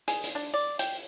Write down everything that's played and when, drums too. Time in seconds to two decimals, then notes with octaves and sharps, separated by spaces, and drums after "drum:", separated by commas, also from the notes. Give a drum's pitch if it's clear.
0.08 G#4, drum: hi-hat
0.24 drum: hi-hat
0.35 D4
0.54 D5
0.79 G5, drum: hi-hat